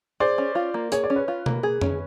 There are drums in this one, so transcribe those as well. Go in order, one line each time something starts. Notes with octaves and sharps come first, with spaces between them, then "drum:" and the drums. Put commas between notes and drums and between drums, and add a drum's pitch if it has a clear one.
G#4 C5 D5
C#4
F4
A#3
G#4 C#5, drum: hi-hat
D5
C#4
B4 C#5
F4
A#3, drum: tom B2
G#4
C#4, drum: tom